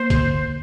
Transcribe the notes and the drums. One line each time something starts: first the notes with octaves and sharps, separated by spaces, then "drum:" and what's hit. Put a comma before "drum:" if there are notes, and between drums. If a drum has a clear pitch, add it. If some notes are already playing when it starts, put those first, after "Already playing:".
Already playing: A#3 C5
D3, drum: kick, hi-hat